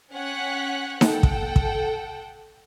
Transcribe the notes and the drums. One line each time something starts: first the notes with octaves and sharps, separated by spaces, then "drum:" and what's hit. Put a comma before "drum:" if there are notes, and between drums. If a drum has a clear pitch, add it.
C#4 C#5 F#5 G5 F#6 B6
A4 F#5 G5, drum: snare D#4
drum: kick
drum: kick